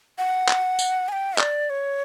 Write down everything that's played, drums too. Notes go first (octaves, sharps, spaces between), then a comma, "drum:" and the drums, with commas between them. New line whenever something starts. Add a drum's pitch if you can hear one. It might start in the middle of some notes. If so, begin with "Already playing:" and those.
F#5
drum: clap
drum: tambourine
G#5
G5
D5, drum: clap
C#5